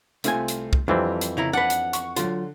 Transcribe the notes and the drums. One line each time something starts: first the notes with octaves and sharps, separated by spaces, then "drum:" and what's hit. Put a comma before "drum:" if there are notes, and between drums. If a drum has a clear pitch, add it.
C2 A3 C4 F4 G#5, drum: hi-hat
drum: hi-hat
drum: kick C2
F2 E3 G3 C4 D4
drum: hi-hat
C#3 E4 A#5 F7
D4 B4 F#5
drum: hi-hat
C#6, drum: hi-hat
D3 F#3 F4, drum: hi-hat